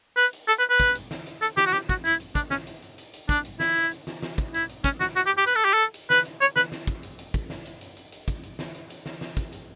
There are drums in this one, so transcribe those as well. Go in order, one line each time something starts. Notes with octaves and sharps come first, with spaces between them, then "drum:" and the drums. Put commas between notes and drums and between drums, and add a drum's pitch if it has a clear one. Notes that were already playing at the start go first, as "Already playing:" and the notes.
B4, drum: hi-hat
drum: hi-hat
A4, drum: hi-hat
B4
B4
drum: kick, hi-hat
drum: hi-hat
drum: snare
drum: hi-hat
A4, drum: hi-hat
G4, drum: snare
F#4
G4, drum: snare
F#4, drum: kick, hi-hat
E4, drum: hi-hat
drum: hi-hat
D4, drum: kick, hi-hat
C#4, drum: snare
drum: hi-hat
drum: hi-hat
drum: hi-hat
drum: hi-hat
D4, drum: kick, hi-hat
drum: hi-hat
E4, drum: snare
drum: hi-hat
drum: hi-hat
drum: snare
drum: snare
drum: kick, hi-hat
E4, drum: hi-hat
drum: hi-hat
C#4, drum: kick, hi-hat
F#4, drum: snare
F#4, drum: hi-hat
G4
G4
B4, drum: hi-hat
A4
G4, drum: hi-hat
A4
drum: hi-hat
B4, drum: snare
drum: hi-hat
C#5, drum: hi-hat
B4, drum: snare
drum: snare
drum: kick, hi-hat
drum: hi-hat
drum: hi-hat
drum: kick, hi-hat
drum: snare
drum: hi-hat
drum: hi-hat
drum: hi-hat
drum: hi-hat
drum: kick, hi-hat
drum: hi-hat
drum: snare
drum: hi-hat
drum: hi-hat
drum: snare
drum: snare
drum: kick, hi-hat
drum: hi-hat